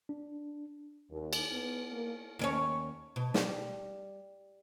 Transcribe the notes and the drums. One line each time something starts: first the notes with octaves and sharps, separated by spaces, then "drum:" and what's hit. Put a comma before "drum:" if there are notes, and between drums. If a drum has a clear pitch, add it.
D4
D#2
drum: cymbal
B3
A#3
D#2 C#4 C#5
B2
G3, drum: snare